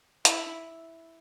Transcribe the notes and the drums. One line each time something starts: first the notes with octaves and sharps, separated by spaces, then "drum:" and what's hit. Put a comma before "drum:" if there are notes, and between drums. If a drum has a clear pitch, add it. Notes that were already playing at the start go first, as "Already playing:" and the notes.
E4, drum: hi-hat